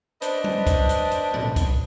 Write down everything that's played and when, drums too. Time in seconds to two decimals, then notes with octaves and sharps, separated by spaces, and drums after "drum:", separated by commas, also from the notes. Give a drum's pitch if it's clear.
0.22 D4 B4 C5 D#5, drum: hi-hat
0.44 drum: tom F#3
0.67 drum: kick, hi-hat
0.89 drum: hi-hat
1.11 drum: hi-hat
1.34 drum: tom A2
1.56 drum: kick, hi-hat